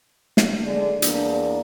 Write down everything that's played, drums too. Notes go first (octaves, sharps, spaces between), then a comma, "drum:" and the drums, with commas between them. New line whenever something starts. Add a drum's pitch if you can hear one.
drum: snare
D3 G#3 D4
E2 A#3 D4, drum: hi-hat